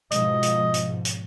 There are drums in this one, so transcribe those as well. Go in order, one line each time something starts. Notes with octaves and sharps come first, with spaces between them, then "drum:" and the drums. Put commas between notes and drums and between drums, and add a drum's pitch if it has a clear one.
G#2 B2 F3 D#5, drum: hi-hat
drum: hi-hat
drum: hi-hat
drum: hi-hat